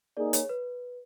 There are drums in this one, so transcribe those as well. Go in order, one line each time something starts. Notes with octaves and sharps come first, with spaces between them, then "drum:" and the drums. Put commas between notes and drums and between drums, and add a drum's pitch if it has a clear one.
A#3 D#4 G#4 D5
C#5, drum: hi-hat
B4